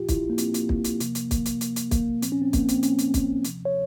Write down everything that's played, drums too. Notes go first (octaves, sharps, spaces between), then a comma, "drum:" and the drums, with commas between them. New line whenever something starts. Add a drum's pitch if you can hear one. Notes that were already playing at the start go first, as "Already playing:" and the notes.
Already playing: A#2 F3 F4 G4
E4, drum: kick, hi-hat
A#3
C4, drum: hi-hat
A#3, drum: hi-hat
A#3, drum: kick
drum: hi-hat
C3 F3, drum: hi-hat
drum: hi-hat
A#3, drum: kick, hi-hat
drum: hi-hat
drum: hi-hat
drum: hi-hat
A#3, drum: kick, hi-hat
A#2 F3 C4, drum: hi-hat
C#4
C4
A#3, drum: kick, hi-hat
C4, drum: hi-hat
C#4, drum: hi-hat
drum: hi-hat
drum: kick, hi-hat
C3 F3, drum: hi-hat
C#5